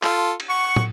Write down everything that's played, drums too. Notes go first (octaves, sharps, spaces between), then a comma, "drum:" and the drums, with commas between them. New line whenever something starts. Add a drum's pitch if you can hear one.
F4 A4, drum: clap
drum: cymbal
F#5 C#6
drum: tom